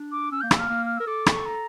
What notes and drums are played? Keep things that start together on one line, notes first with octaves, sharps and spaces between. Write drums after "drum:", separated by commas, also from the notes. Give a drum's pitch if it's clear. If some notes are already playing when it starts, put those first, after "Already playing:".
Already playing: D4
D6
C#4 E6
A#3 G6
E6, drum: rim click
A#3 F6
A#3
F6
A#4 E6
A4 D6
C#6, drum: rim click
A#5